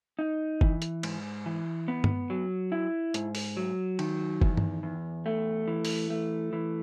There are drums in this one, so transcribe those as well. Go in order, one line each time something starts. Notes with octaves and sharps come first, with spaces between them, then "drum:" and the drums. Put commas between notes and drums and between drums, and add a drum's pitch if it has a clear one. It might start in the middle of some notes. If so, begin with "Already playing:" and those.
D#4
E3, drum: kick F#1
drum: hi-hat
G#2, drum: cymbal
E3
B3
drum: tom G2
F#3
E4
G#2, drum: hi-hat
drum: open hi-hat
F#3
D#3, drum: cymbal
E2, drum: kick F#1
drum: tom G2
E2
A3
E3
drum: open hi-hat
A3
E3